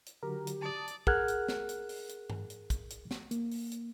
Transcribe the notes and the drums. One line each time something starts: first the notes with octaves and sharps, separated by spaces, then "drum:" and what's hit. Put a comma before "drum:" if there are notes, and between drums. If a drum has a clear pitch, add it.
drum: hi-hat
D3 F#3 F#4 G4 A#4
drum: hi-hat
D5 A5 D#6
drum: hi-hat
G#4 A#4 F#5 F6 F#6 G#6, drum: kick
drum: hi-hat
drum: snare
drum: hi-hat
drum: open hi-hat
drum: hi-hat
drum: tom G2
drum: hi-hat
drum: kick, hi-hat
drum: hi-hat
drum: snare
A#3, drum: hi-hat
drum: open hi-hat
drum: hi-hat